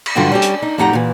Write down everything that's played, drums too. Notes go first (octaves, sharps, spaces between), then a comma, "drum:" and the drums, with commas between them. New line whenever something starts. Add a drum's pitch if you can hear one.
drum: cymbal
G2 D3 F#3 F4 F#5 G5
G3 C#4 G4
drum: hi-hat
D#4
F2 A2 D#4 G4 F#5 A#5
A#2 E3